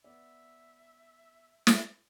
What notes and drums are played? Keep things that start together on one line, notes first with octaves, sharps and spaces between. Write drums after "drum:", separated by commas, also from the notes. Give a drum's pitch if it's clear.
B3 D5 E5
drum: snare